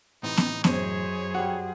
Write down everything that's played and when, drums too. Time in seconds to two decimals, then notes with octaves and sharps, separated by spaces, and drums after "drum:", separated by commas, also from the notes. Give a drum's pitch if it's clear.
0.23 A2 C3 E3 D#4
0.37 drum: snare B3
0.64 F#2 G#4 C5 C#5 D#5, drum: snare B3
1.35 G3 F#4 F#5